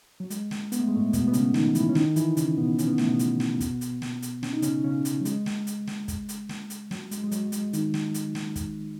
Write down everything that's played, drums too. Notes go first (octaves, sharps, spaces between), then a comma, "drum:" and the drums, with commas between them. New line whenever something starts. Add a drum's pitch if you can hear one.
F#3
G#3, drum: hi-hat
drum: snare
B3, drum: hi-hat
A3
G#3
A2 A3
B2 B3, drum: kick, hi-hat
B3
C#3 C#4, drum: hi-hat
D#3 D#4, drum: snare
E3 E4, drum: hi-hat
C#4
D#3 D#4, drum: snare
E3 E4, drum: hi-hat
C#3 C#4, drum: hi-hat
B2 B3
C#4, drum: hi-hat
B3
A3, drum: snare
B2 B3
drum: hi-hat
drum: snare
drum: kick, hi-hat
drum: hi-hat
drum: snare
drum: hi-hat
C#4, drum: snare
D#4
C#3 C#4, drum: hi-hat
C#3 C#4
drum: hi-hat
F#3
G#3, drum: hi-hat
drum: snare
drum: hi-hat
drum: snare
drum: kick, hi-hat
drum: hi-hat
drum: snare
drum: hi-hat
F#3, drum: snare
G#3, drum: hi-hat
G#3
F#3, drum: hi-hat
G#3, drum: hi-hat
D#3 D#4, drum: hi-hat
drum: snare
drum: hi-hat
drum: snare
drum: kick, hi-hat